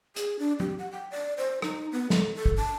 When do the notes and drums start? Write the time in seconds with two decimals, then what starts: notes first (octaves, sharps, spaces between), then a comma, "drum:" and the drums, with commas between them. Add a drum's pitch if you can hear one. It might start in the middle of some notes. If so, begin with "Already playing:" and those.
0.16 G#4, drum: hi-hat
0.39 D4
0.60 G4, drum: tom
0.79 F#5
0.92 G5
1.11 D5
1.38 C5
1.62 D#4, drum: rim click
1.92 B3
2.10 A4, drum: snare
2.35 A4
2.46 drum: kick
2.57 A5